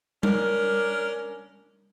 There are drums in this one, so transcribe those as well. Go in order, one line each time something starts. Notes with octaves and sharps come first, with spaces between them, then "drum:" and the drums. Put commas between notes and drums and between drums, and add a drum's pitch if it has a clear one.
C#4 D4 A#4, drum: tom G3